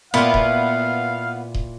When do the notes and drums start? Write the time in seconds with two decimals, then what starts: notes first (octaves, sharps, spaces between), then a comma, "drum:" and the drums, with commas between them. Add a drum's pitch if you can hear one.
0.14 A#2 B3 E4 F4 F5
0.34 drum: kick D#1
1.54 drum: kick D#1